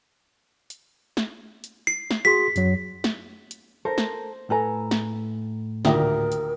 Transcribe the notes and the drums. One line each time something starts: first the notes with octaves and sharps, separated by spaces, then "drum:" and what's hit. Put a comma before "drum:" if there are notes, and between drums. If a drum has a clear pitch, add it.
drum: hi-hat
drum: snare
drum: hi-hat
C7
drum: snare
F#4 G#4 C6 B6
F#2 F#3, drum: hi-hat
drum: snare
drum: hi-hat
A4 A#4 C5
drum: snare
A2 A4 B4 G#5 A#5
drum: snare
D2 A#2 D#3 G4 A#4 E5 A#5, drum: snare
drum: hi-hat